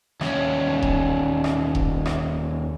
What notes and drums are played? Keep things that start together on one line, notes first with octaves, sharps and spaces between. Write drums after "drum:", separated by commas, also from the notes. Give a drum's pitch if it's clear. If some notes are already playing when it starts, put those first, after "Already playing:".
D#2 C#4, drum: rim click
drum: kick D#1
drum: rim click
drum: kick D#1
drum: rim click